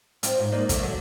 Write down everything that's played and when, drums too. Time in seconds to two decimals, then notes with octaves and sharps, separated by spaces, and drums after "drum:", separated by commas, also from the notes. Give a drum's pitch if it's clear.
0.23 C4 F4, drum: hi-hat
0.39 G#2
0.52 A#3 D#4 D5
0.69 E2 C3 A3, drum: kick, hi-hat
0.83 D3 F#3